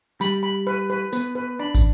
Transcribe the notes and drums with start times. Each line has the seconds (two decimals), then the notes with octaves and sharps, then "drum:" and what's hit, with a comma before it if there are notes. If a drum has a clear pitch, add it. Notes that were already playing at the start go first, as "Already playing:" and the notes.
0.21 G3 B5, drum: tambourine
0.43 B5
0.67 B4
0.90 B4
1.13 B3 B4, drum: tambourine
1.35 B4
1.59 D4 B5
1.75 drum: kick, tambourine